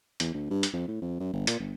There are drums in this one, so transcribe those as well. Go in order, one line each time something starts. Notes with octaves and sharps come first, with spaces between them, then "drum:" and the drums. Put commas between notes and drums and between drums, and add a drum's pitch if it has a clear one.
E2, drum: hi-hat
D2
G2
drum: hi-hat
F2
A2
F2
F#2
G1
A#2, drum: hi-hat
G1